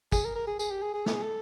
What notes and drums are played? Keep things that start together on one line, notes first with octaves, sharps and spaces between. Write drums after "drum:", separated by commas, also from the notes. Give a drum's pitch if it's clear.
G#4, drum: kick, tambourine
A#4
A#4
G#4
G#4, drum: tambourine
G4
G#4
G#4
A4, drum: snare
G#4
A4